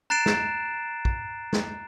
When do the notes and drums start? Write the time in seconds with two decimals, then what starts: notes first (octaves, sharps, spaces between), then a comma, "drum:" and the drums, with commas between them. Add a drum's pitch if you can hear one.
0.10 A#5 F#6 A6 C7 D7 E7
0.26 drum: snare
1.05 drum: kick
1.53 drum: snare